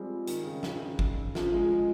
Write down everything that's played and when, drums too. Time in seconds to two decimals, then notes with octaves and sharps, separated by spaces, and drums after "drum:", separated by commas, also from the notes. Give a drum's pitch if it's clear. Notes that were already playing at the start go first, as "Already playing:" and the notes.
Already playing: F3 G3 G#3 C4
0.27 D#3, drum: hi-hat
0.44 C#3
0.63 drum: snare
0.99 drum: kick G#1
1.35 F3, drum: snare
1.54 G#3